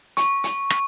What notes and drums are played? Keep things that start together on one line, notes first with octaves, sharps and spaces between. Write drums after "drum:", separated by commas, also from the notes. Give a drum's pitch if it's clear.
C#6, drum: hi-hat
drum: hi-hat
drum: rim click